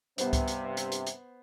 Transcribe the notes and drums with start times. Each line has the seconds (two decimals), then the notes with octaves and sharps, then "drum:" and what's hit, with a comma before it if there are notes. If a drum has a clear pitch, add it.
0.18 G2 C3 B3 C5, drum: hi-hat
0.33 drum: kick C#2, hi-hat
0.48 drum: hi-hat
0.77 drum: hi-hat
0.92 drum: hi-hat
1.07 drum: hi-hat